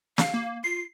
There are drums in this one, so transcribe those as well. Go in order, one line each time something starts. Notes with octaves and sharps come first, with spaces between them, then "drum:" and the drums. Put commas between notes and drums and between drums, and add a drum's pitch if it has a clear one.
F5, drum: snare
A#3
F4 C7